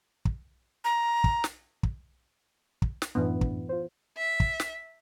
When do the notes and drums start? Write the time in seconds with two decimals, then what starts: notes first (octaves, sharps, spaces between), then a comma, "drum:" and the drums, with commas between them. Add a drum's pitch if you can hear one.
0.25 drum: kick
0.85 A#5
1.24 drum: kick
1.44 drum: snare
1.83 drum: kick
2.82 drum: kick
3.02 drum: snare
3.15 F#2 A2 E3 B3 D4
3.41 drum: kick
3.69 F4 C5
4.17 E5
4.40 drum: kick
4.60 drum: snare